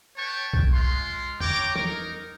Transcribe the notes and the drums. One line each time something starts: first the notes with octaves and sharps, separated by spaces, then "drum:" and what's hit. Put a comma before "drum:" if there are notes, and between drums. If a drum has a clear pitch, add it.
B4 C#5 G5 A5 C#6
drum: kick B1
G#3 F4 F5 C6
C#5 G5 A#5 D6, drum: tom E2
D#4 A#4, drum: tom